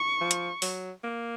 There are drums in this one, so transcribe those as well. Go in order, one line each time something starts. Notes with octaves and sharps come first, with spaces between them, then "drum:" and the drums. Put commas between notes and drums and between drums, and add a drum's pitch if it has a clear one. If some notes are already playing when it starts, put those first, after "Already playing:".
Already playing: C#6
F3
drum: hi-hat
F#3, drum: open hi-hat
A#3